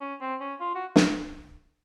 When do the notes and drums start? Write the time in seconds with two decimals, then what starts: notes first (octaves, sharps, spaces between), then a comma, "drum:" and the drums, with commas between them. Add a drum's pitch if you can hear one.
0.01 C#4
0.21 C4
0.40 C#4
0.60 F4
0.75 F#4
0.96 drum: snare